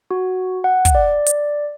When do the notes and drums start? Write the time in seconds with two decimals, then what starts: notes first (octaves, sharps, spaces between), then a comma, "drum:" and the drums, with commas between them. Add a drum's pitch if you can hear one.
0.11 F#4
0.64 F#5
0.85 drum: kick, hi-hat
0.95 D5
1.26 drum: hi-hat